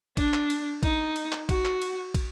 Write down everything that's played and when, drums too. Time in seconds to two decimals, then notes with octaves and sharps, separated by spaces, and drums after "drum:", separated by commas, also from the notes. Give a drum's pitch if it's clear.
0.17 D4, drum: kick, cymbal
0.34 drum: clap
0.50 drum: cymbal
0.83 D#4, drum: kick, cymbal
1.16 drum: cymbal
1.32 drum: clap
1.49 F#4, drum: kick, cymbal
1.65 drum: clap
1.82 drum: cymbal
2.14 drum: kick, cymbal